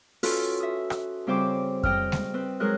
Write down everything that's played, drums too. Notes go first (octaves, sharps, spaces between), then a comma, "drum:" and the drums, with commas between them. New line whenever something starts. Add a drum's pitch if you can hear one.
C#4 F4 F#4 A4 B4, drum: open hi-hat
E5 D#6
drum: rim click
C#3 G3 C4 C5 G5 D6
D#5 G5 D#6 F6, drum: kick F2
drum: snare G#3
C4 B4
F#3 G#3 G#4 A#4 D#5 F#6